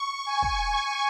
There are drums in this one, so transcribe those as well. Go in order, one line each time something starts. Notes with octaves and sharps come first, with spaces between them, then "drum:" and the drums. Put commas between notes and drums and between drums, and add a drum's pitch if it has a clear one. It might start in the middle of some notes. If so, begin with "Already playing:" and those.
Already playing: C#6
G#5
drum: kick